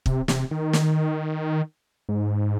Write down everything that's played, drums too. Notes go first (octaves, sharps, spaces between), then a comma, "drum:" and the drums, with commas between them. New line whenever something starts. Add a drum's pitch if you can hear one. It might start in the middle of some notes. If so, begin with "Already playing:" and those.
C3, drum: kick
C3, drum: snare
D#3
drum: snare
G#2